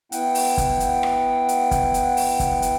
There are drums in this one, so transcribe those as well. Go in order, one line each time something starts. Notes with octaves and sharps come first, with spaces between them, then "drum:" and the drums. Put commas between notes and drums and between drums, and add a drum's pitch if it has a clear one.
B3 E4 F#5 G5, drum: hi-hat
drum: open hi-hat
drum: kick, hi-hat
drum: hi-hat
drum: rim click
drum: hi-hat
drum: kick, hi-hat
drum: hi-hat
drum: open hi-hat
drum: kick, hi-hat
drum: hi-hat